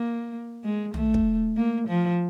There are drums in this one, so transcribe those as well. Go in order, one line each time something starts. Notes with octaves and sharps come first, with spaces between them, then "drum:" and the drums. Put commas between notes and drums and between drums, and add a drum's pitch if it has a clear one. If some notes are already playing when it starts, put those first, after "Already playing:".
Already playing: A#3
G#3
A3, drum: tom
drum: kick
A#3
F3